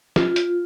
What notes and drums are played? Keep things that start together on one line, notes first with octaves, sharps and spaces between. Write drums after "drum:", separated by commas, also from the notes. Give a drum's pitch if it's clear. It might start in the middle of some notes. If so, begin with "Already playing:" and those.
F4, drum: snare
drum: hi-hat